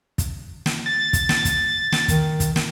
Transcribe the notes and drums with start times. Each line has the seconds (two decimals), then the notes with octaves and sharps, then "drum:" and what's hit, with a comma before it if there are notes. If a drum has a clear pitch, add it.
0.18 drum: kick, hi-hat
0.66 drum: snare
0.86 A6
1.13 drum: kick, hi-hat
1.29 drum: snare
1.45 drum: kick, hi-hat
1.92 drum: snare
2.08 D#3, drum: kick, hi-hat
2.40 drum: kick, hi-hat
2.56 drum: snare